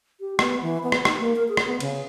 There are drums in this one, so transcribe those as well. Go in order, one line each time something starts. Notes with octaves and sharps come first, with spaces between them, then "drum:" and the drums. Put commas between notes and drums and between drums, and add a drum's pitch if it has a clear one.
G4
B3, drum: rim click
E3
B3
drum: rim click
D#4, drum: rim click
A#3
A#4
G#4
drum: rim click
B3
C#3, drum: cymbal